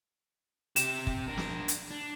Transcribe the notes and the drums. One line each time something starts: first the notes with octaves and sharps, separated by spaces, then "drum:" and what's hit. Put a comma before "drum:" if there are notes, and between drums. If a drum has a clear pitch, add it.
C3 G4 E7, drum: hi-hat
drum: kick
D4 A#4
drum: snare
drum: hi-hat
D4